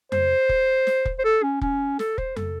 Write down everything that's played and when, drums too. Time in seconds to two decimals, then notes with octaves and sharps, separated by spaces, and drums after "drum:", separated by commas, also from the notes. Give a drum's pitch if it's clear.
0.12 C5, drum: tom F2
0.49 drum: kick
0.87 drum: snare
1.05 drum: kick
1.19 C5
1.24 A4
1.43 C#4
1.61 C#4, drum: kick
1.99 A4, drum: snare
2.18 C5, drum: kick
2.36 A4, drum: tom F2